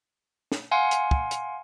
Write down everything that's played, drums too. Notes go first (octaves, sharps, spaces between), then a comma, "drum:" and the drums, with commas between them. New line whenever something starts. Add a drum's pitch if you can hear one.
drum: snare
F5 F#5 G#5 C6
drum: hi-hat
drum: kick
drum: hi-hat